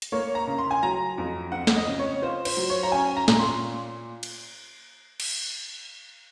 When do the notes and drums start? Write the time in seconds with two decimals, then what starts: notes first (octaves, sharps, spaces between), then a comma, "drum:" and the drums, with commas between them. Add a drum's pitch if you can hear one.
0.02 drum: hi-hat
0.12 A#3 C#5
0.35 A#5
0.47 C#3
0.58 C6
0.71 G#5
0.82 F#3 A#5
1.18 F2
1.52 C4 F#5
1.67 drum: snare
1.76 D#5
1.88 C#3
1.99 C#5
2.22 F4 C5
2.45 C5, drum: cymbal
2.57 F#3
2.70 C#5
2.83 A#5
2.92 C#4 G#5
3.17 A#5
3.28 A#2, drum: snare
3.39 C6
4.23 drum: cymbal
5.20 drum: cymbal